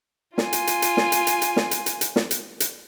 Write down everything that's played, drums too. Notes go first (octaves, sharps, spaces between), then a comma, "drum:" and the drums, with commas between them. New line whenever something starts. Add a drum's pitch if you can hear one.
F4 G#5, drum: snare
drum: hi-hat
drum: hi-hat
drum: hi-hat
drum: snare
drum: hi-hat
drum: hi-hat
drum: hi-hat
drum: snare
drum: hi-hat
drum: hi-hat
drum: hi-hat
drum: snare
drum: hi-hat
drum: hi-hat